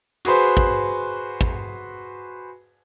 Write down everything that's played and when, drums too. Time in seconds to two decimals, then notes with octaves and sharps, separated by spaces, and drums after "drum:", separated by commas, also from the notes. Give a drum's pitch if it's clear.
0.25 F#4 G#4 B4 C5, drum: cymbal
0.57 drum: kick
1.41 drum: kick